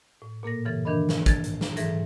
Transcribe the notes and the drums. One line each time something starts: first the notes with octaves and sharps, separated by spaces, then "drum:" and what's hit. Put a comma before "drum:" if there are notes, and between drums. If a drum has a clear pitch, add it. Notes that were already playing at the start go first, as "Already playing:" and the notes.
A2
A#2 A#3 A4 A#6
G2 C#3 E3 A4 A6
D#3 E3 D4 A#4 D#5 B5
drum: snare
G#6 A6, drum: kick, hi-hat
drum: hi-hat
drum: snare
G#2 E3 A4 A#6, drum: hi-hat